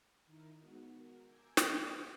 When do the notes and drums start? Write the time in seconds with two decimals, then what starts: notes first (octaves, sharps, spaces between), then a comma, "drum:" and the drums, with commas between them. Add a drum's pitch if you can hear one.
0.25 D#3 D#4 E4 A#4
0.58 G#3 B3 D#4 F#4
0.93 F#4 A#4
1.26 G#5 A#5 D6 E6 G6 G#6
1.57 drum: snare
1.74 E4 G4 B4 D5 D#5